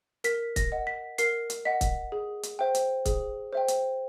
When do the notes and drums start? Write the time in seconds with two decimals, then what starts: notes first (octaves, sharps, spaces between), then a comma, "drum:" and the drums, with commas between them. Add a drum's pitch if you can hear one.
0.24 A#4 B6, drum: hi-hat
0.56 A#6, drum: kick C#1, hi-hat
0.72 D#5 F#5
0.87 B6
1.18 A#4 C7, drum: hi-hat
1.50 drum: hi-hat
1.65 D#5 F#5 B6
1.81 drum: kick C#1, hi-hat
2.12 G#4
2.43 drum: hi-hat
2.59 C5 E5 G5
2.75 drum: hi-hat
3.05 G#4, drum: kick C#1, hi-hat
3.53 C5 E5 G5
3.68 drum: hi-hat